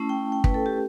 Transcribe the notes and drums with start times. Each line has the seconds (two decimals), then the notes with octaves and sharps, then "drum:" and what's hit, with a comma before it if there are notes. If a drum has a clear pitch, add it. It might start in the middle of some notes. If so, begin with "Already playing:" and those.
Already playing: A3 C#4 E4 A5
0.09 G5
0.32 G5
0.44 B4, drum: kick
0.54 A4
0.66 G4